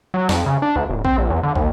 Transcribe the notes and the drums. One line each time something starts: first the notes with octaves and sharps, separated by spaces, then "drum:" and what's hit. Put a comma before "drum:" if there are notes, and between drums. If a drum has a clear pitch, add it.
F#3
F2, drum: snare
C#3
D4
D2
D1
C4, drum: kick
A#1
E2
D3
D#2, drum: kick